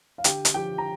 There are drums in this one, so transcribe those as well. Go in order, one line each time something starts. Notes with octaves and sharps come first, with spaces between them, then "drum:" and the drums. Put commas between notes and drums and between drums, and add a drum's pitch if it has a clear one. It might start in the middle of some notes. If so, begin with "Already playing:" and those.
F5
D3 G4 G5, drum: hi-hat
drum: hi-hat
F3 G4 G5
A#5